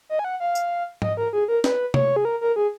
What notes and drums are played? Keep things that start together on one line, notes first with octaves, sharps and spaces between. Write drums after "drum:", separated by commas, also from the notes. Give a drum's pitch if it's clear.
D#5
G#5
F#5
F5
drum: tambourine
D#5, drum: tom G#2
A#4
G#4
A#4
B4, drum: snare
C#5, drum: tom C3
G#4
A#4
A#4
G#4